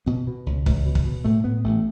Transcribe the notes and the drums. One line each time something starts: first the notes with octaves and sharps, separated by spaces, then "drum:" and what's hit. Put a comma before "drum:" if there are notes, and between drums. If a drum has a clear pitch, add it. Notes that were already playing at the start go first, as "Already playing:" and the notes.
B2 B3
B2
C#2
C#2, drum: kick
B2
drum: kick
B2
A2 A3
A2 B3
A1 A3